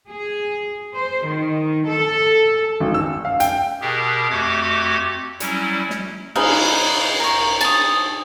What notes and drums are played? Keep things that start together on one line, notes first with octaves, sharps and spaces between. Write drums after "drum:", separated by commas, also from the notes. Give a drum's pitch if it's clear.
G#4
C5
D#3
A4
G#1
E6
F5
G5, drum: hi-hat
B2 G4 G#4 A#4
F2 A3 F#4 G4 D6 G#6
F#3 G3 C#4 E4, drum: hi-hat
drum: snare
D#4 G#4 B4 F5, drum: cymbal
A#4 C#6
A5 D#6, drum: cymbal